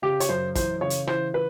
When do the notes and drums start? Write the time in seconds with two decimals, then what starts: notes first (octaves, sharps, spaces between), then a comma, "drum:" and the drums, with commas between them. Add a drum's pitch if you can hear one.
0.02 C#3 G4
0.20 C#5, drum: hi-hat
0.29 F#2 C5
0.55 E3 C5, drum: kick, hi-hat
0.81 C#3 C#5
0.90 drum: hi-hat
1.07 E3 C5, drum: rim click
1.34 B4